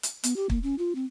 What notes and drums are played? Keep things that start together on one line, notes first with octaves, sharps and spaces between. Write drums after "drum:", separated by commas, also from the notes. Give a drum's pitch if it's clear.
drum: hi-hat
B3, drum: hi-hat
G4
A#3, drum: kick
C#4
F4
C4